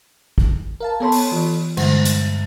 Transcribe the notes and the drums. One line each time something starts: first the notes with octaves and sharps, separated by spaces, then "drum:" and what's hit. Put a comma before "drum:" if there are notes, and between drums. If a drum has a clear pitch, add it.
drum: kick
A#4 F5 A5
B3 A4 C#5 A5 B5 C6
drum: open hi-hat
E3 F4
G2 D3 G#3 F#5, drum: cymbal
drum: hi-hat